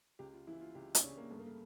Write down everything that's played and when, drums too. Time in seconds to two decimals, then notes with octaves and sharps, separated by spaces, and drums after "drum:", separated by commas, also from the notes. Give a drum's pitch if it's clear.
0.19 C#2 G4
0.34 F4
0.47 E3 E4
0.61 F4
0.75 C#2 G4
0.95 D4, drum: hi-hat
1.03 C#3 C#4
1.17 A#3
1.30 G2 A3
1.39 A#3
1.46 A3